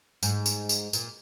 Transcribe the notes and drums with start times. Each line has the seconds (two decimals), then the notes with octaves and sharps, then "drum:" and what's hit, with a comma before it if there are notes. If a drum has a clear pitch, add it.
0.23 G#2, drum: tambourine
0.46 drum: tambourine
0.69 drum: tambourine
0.93 A#2, drum: tambourine